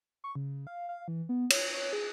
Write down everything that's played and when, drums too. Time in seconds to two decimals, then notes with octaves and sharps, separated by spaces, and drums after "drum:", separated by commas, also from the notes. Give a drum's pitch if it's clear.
0.24 C#6
0.35 C#3
0.67 F5
0.89 F5
1.08 E3
1.29 B3
1.50 C#5, drum: cymbal
1.74 C#5
1.93 G#4